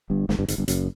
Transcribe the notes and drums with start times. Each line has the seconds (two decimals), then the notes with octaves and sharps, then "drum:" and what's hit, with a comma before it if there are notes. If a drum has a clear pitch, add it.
0.10 G1 G2
0.29 G#1 G#2, drum: snare
0.39 G1 G2
0.48 G#1 G#2, drum: hi-hat
0.58 G1 G2
0.68 F#1 F#2, drum: hi-hat